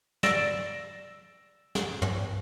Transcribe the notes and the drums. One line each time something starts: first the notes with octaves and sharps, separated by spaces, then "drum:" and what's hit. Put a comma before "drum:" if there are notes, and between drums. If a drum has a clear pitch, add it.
D5 E6 A6 A#6 D7 E7, drum: snare
drum: snare
drum: tom